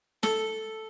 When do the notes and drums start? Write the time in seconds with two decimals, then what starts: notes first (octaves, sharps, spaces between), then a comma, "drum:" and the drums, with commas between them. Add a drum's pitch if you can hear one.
0.23 A4, drum: snare